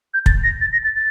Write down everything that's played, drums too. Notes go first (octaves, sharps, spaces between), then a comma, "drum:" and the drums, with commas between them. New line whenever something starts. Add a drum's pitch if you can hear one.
G6
A6, drum: kick
A#6
A6
A#6
A6
A6